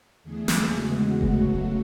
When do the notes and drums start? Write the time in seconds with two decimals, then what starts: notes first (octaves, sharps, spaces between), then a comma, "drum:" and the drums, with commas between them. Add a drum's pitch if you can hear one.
0.24 E2 D3 A3 G#4
0.48 drum: snare
0.72 E2 C#3 G#3 B3 F#4
1.21 C#3 F#3 A3, drum: kick F1